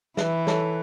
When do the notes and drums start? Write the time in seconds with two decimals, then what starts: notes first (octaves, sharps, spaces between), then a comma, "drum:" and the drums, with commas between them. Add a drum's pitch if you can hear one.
0.17 E3 B4 E5, drum: snare
0.47 A4 C#5, drum: snare